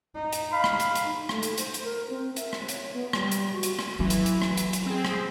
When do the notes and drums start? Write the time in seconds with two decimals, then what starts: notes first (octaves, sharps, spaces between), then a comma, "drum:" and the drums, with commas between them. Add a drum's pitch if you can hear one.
0.15 D#4
0.32 drum: hi-hat
0.53 F5 B5
0.64 drum: rim click
0.80 drum: hi-hat
0.95 drum: hi-hat
1.06 D#4
1.29 A3, drum: rim click
1.43 drum: hi-hat
1.58 C5, drum: hi-hat
1.74 drum: hi-hat
1.84 A#4
2.10 C4
2.36 E5, drum: hi-hat
2.53 drum: rim click
2.68 C#5, drum: hi-hat
2.93 B3
3.13 G3, drum: rim click
3.31 drum: hi-hat
3.53 F#4
3.63 drum: hi-hat
3.79 drum: rim click
3.99 E3 F#3
4.10 drum: hi-hat
4.26 drum: hi-hat
4.42 drum: rim click
4.57 drum: hi-hat
4.73 drum: hi-hat
4.86 C4 G#4
5.05 drum: rim click